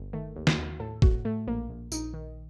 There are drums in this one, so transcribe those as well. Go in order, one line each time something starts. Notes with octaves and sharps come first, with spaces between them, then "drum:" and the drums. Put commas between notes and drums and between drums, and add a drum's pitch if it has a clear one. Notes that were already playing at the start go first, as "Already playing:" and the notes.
Already playing: G1
D#3 A3
D#2
F#4, drum: snare
D#2
A2 A4
A2 F#4, drum: kick G#1
A2 A3
A#1 A#3
A#1
A#1 D#4, drum: tambourine
D#3